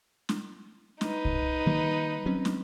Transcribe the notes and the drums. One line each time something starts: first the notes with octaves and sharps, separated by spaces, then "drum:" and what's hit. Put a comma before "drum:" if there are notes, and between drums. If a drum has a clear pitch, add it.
drum: snare
D#4 B4, drum: snare
drum: kick C2
D#3 G3 A#3
F#3 C4 C#4
drum: snare